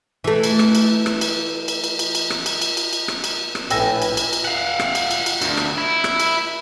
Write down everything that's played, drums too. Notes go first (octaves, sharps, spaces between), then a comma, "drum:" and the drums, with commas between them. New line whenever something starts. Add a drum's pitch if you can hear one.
E3 A3
drum: cymbal
drum: rim click
drum: cymbal
drum: rim click
drum: cymbal
drum: cymbal
drum: cymbal
drum: cymbal
drum: cymbal
drum: rim click
drum: cymbal
drum: cymbal
drum: cymbal
drum: cymbal
drum: rim click
drum: cymbal
drum: rim click
A#1 A2 B4 G5 G#5 E6 A#6, drum: cymbal
drum: cymbal
drum: cymbal
drum: cymbal
F5 F#5
drum: rim click
drum: cymbal
drum: cymbal
drum: cymbal
D2, drum: cymbal
drum: rim click
E4
drum: rim click
drum: cymbal